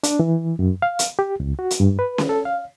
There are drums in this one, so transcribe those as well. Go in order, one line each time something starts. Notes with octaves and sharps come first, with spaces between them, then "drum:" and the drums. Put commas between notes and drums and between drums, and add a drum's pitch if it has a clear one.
D4, drum: hi-hat
E3
F#2
F5
drum: hi-hat
G4
C#2
F#4
drum: hi-hat
G2
B4
drum: snare C#4
A4
F5